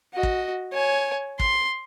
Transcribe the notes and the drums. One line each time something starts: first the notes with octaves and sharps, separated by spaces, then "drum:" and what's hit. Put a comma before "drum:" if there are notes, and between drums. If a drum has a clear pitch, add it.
F#4 D#5
drum: kick
C#5 G#5
C6, drum: kick